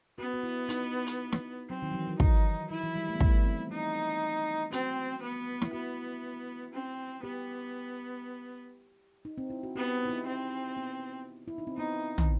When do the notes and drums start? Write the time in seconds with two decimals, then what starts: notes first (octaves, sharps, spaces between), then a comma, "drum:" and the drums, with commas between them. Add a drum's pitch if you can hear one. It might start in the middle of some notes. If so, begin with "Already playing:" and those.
0.18 B3 F#4
0.34 F#4
0.43 E4
0.69 D#4, drum: hi-hat
1.07 drum: hi-hat
1.32 drum: snare
1.70 F#3 C4
1.82 D#3
1.92 F#3
1.94 E3
2.08 F#3
2.20 D#4, drum: kick
2.70 F#3 E4
2.84 E3
2.96 G3
3.09 A3
3.16 B3
3.20 A3, drum: kick
3.46 C4
3.71 D#4 E4
4.72 C4 F#4, drum: hi-hat
5.22 B3
5.62 E4, drum: snare
5.73 B3 F#4
6.74 C4
7.23 B3 G4
9.25 D#4
9.38 C4
9.50 E4
9.63 F#4
9.76 B3 G4
10.05 D#4
10.09 E4
10.26 C4
10.77 B3
11.48 E4
11.58 D#4
11.67 C4
11.77 B3 D#4
12.18 drum: tom